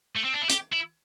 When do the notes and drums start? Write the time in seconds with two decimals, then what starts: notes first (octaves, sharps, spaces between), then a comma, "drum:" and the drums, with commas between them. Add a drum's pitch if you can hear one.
0.16 A3
0.25 C4
0.34 D4
0.42 E4
0.50 G4, drum: hi-hat
0.73 E4